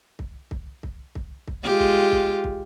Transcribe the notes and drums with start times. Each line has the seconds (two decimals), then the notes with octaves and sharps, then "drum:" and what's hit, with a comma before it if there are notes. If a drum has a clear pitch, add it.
0.19 drum: kick
0.51 drum: kick
0.83 drum: kick
1.15 drum: kick
1.47 drum: kick
1.64 G#3 F4 G4
1.80 drum: kick
2.12 drum: kick
2.44 drum: kick